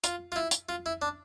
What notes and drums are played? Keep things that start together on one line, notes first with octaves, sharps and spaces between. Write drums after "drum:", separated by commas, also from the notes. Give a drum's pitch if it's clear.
F4, drum: hi-hat
F4
E4
drum: hi-hat
F4
E4
D4